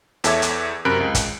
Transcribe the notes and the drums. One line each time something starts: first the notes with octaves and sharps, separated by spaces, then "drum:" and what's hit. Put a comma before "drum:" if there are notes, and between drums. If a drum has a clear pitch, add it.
E2 A4 C#5 E5 D6 G#6, drum: hi-hat
drum: hi-hat
F#2 C3 A#4 B5 F#6 D7
C#2
drum: kick, hi-hat